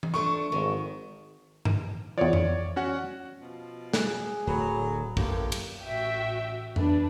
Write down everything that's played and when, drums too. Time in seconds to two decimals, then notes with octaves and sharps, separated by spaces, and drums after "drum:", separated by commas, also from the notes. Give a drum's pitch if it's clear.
0.03 drum: tom E3
0.14 F3 A3 D4 C#6
0.52 G#1 D#3
1.65 drum: tom G2
2.18 E2 F3 C#5 D5
2.33 drum: tom F2
2.76 C#4 F#4 F#5
3.40 B2 F3
3.94 G#4 F#6, drum: snare
4.47 D1 F#3 F#4 B5
5.17 F#2 A2 A#3 B3 G4, drum: kick
5.52 drum: cymbal
5.84 A1 F#4 E5 G5
6.76 E2 D4 B4, drum: tom F2